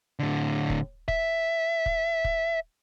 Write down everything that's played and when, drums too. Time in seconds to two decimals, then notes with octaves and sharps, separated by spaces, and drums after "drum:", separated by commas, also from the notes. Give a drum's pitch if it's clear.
0.19 A2 D3
0.70 drum: kick
1.08 E5, drum: kick
1.86 drum: kick
2.24 drum: kick